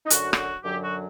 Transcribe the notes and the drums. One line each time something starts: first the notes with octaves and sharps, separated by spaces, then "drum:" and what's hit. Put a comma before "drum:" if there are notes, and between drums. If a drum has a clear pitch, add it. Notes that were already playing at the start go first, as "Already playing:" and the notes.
D#4
F#2 D3 F#3 F#4, drum: hi-hat
G4, drum: rim click
F#4
F#2 D3 F#3 G4
F#4